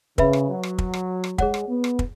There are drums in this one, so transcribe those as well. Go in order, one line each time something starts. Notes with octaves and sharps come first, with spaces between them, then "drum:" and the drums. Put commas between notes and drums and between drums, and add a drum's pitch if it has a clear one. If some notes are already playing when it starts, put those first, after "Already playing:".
C#3 B4 E5 B5, drum: kick
drum: rim click
F#3
drum: rim click
drum: kick
drum: rim click
drum: rim click
G#3 G#4 C#5 F#5, drum: kick
drum: rim click
B3
drum: rim click
drum: kick